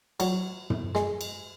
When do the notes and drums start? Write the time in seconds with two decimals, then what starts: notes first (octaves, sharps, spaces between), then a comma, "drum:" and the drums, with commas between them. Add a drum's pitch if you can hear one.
0.20 F#3, drum: cymbal
0.70 drum: tom
0.95 G#3, drum: snare
1.21 drum: cymbal